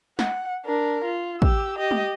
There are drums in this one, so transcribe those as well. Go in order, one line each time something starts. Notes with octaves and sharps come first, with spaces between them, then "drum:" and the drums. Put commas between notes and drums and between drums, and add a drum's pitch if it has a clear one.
F#5, drum: snare
D4 A#4
F4
G4 E6, drum: kick
G4 D#5
drum: tom